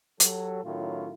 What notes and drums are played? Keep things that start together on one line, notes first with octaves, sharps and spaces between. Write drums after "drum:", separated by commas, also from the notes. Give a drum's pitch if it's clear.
F#3 G4 A4, drum: hi-hat
A2 D#3 F#3 C#4 E4 F4